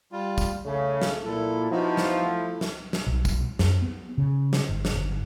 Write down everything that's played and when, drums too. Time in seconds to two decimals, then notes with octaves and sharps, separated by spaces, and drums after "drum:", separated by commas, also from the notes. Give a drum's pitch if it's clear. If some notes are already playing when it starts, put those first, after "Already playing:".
0.12 G3 F4
0.38 drum: kick, tambourine
0.65 C#3 A3
1.02 drum: snare
1.25 A#2 E4 A4
1.71 F3 B3 D#4 E4 F#4
1.97 drum: snare
2.23 A3
2.61 drum: snare
2.93 drum: snare
3.07 B1
3.25 drum: kick, tambourine
3.59 F#2, drum: snare
3.82 B3
4.18 C#3
4.53 drum: snare
4.69 G1
4.85 drum: snare
4.95 G1